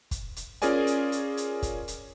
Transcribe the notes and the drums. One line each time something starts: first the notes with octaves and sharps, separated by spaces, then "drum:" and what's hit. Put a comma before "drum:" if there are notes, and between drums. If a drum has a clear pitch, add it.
drum: kick, hi-hat
drum: hi-hat
C#4 F4 G#4 A#4 D5 G#5, drum: hi-hat
drum: hi-hat
drum: hi-hat
drum: hi-hat
drum: kick, hi-hat
drum: hi-hat